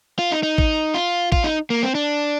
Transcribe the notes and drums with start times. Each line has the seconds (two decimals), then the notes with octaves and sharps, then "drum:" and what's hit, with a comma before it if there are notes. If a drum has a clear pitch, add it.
0.19 F4
0.32 D#4
0.43 D#4
0.58 drum: kick
0.94 F4
1.32 F4, drum: kick
1.44 D#4
1.70 A#3
1.83 C4
1.95 D4